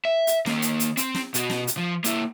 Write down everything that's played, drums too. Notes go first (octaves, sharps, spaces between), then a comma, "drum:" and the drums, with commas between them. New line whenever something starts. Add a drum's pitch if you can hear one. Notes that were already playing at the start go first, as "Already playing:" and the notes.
E5
drum: hi-hat
D#3 A#3, drum: snare
drum: hi-hat
drum: hi-hat
C4, drum: hi-hat
drum: snare
B2 F#4, drum: hi-hat
drum: snare
drum: hi-hat
F3
A#3 E4, drum: hi-hat